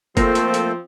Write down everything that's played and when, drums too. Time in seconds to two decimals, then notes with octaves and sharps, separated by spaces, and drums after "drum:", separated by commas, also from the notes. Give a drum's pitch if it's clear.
0.17 F3 A3 A#3 C4 A4 C5, drum: kick F#1, hi-hat
0.35 drum: hi-hat
0.54 drum: hi-hat